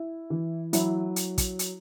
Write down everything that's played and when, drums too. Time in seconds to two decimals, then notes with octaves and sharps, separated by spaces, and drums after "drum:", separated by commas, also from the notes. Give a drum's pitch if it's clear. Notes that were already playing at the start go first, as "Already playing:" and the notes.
Already playing: E4
0.30 E3
0.73 F#3 E4, drum: hi-hat
1.16 drum: hi-hat
1.38 drum: kick, hi-hat
1.59 drum: hi-hat